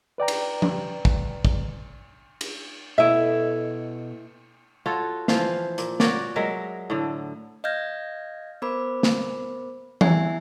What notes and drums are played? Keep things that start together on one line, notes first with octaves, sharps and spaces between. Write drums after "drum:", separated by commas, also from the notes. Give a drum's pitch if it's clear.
B4 D5 G5 A#5
drum: cymbal
drum: tom F3
drum: kick
drum: kick
drum: cymbal
B2 E4 A4 D#5 E5
F4 F#4 A4 C#5
E3 F3 F5, drum: snare
A#2, drum: hi-hat
F#4 A#4 C#5 D5, drum: snare
F#3 G#3 A#4 E5
A2 D3
D#5 F5 F6 G6 G#6 A#6
B3 A#4 C5 B5 D6
drum: snare
B3 E4 E5 G#5 G#6 C7, drum: tom E3